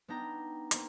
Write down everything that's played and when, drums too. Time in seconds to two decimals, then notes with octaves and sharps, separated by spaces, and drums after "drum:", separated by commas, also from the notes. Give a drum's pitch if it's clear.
0.08 B3 D4 D#4 G5 A#5
0.71 A#3 C4, drum: hi-hat